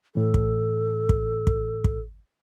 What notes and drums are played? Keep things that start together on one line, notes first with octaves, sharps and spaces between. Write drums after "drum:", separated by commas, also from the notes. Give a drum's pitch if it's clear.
A2 E3 A4
drum: kick
drum: kick
drum: kick
drum: kick